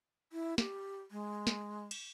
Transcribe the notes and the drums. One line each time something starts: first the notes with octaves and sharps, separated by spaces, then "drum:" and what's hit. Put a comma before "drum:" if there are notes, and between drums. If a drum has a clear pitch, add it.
E4
G4, drum: snare
G#3
drum: snare
drum: cymbal